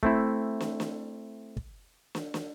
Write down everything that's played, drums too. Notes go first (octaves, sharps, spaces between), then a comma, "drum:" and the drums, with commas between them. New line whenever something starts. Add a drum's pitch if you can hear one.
A3 C4 E4, drum: kick
drum: snare
drum: snare
drum: kick
drum: snare
drum: snare